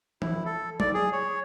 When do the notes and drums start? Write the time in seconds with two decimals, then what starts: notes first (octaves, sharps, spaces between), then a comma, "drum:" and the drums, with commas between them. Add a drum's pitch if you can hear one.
0.22 E4, drum: tom E3
0.45 A4
0.80 D5, drum: tom F#3
0.94 G#4
1.13 C#5